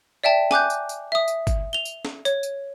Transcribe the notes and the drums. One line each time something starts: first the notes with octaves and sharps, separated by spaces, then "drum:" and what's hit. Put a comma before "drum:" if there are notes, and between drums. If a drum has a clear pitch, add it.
D5 E5 G5 A5
G#5 D6 F#6 G6, drum: snare
drum: tambourine
drum: tambourine
E5 D#6
drum: tambourine
drum: kick, tambourine
F7 G7
drum: tambourine
drum: snare
C#5, drum: tambourine
drum: tambourine